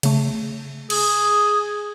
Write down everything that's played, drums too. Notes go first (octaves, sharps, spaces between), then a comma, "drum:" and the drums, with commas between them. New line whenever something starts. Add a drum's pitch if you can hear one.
C#3 A3, drum: cymbal
G#4, drum: cymbal